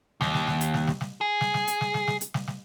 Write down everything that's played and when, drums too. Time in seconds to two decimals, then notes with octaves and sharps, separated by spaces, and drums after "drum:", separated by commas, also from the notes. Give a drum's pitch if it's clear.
0.21 D#2, drum: snare
0.34 drum: snare
0.47 drum: snare
0.61 drum: hi-hat
0.74 drum: snare
0.87 drum: snare
1.01 drum: snare
1.21 G#4
1.41 drum: snare
1.54 drum: snare
1.67 drum: hi-hat
1.81 drum: snare
1.94 drum: snare
2.07 drum: snare
2.21 drum: hi-hat
2.34 drum: snare
2.48 drum: snare